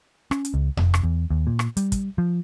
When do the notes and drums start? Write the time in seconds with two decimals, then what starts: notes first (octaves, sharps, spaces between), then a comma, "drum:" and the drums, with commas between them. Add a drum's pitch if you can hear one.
0.31 C#4, drum: rim click
0.45 drum: hi-hat
0.54 C#2
0.77 F1, drum: tom F2
0.94 drum: rim click
1.03 E2
1.30 D#2
1.47 A#2
1.59 drum: rim click
1.77 G3, drum: hi-hat
1.92 drum: kick, hi-hat
2.18 F3